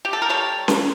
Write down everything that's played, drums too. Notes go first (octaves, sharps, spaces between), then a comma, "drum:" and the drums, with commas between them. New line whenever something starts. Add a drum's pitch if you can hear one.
G4
A4
A#4
G3 A4 C#5
drum: snare C#4